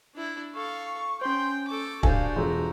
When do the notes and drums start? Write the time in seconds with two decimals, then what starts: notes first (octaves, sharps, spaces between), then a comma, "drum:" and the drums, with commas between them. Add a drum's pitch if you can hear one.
0.15 D4 E4
0.55 A4 F5 C#6
1.21 C#4 C5 G5 C6
1.68 A4 C#6 D6
2.03 D4 F#4 G4 A4 C5 D5 F5 G#5, drum: kick
2.36 E1 F4 A4 A#5